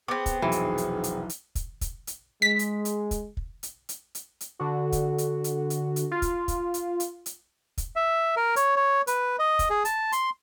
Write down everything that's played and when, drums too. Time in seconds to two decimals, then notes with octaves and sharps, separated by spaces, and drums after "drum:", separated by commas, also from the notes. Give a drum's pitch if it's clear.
0.08 B3 C4 G#4 D6
0.26 drum: kick, hi-hat
0.42 F1 B1 E3 F#3 G#4
0.52 drum: hi-hat
0.78 drum: hi-hat
1.04 drum: hi-hat
1.29 drum: hi-hat
1.55 drum: kick, hi-hat
1.81 drum: kick, hi-hat
2.07 drum: hi-hat
2.42 G#3 B6
2.59 drum: hi-hat
2.85 drum: hi-hat
3.11 drum: kick, hi-hat
3.37 drum: kick
3.63 drum: hi-hat
3.89 drum: hi-hat
4.15 drum: hi-hat
4.41 drum: hi-hat
4.59 D3 F#4
4.92 drum: kick, hi-hat
5.18 drum: hi-hat
5.44 drum: hi-hat
5.70 drum: hi-hat
5.96 drum: hi-hat
6.11 F4
6.22 drum: kick, hi-hat
6.48 drum: kick, hi-hat
6.74 drum: hi-hat
7.00 drum: hi-hat
7.26 drum: hi-hat
7.78 drum: kick, hi-hat
7.96 E5
8.37 A#4
8.56 C#5, drum: hi-hat
8.76 C#5
9.07 B4, drum: hi-hat
9.39 D#5
9.59 drum: kick, hi-hat
9.70 G#4
9.85 A5, drum: hi-hat
10.12 C6, drum: hi-hat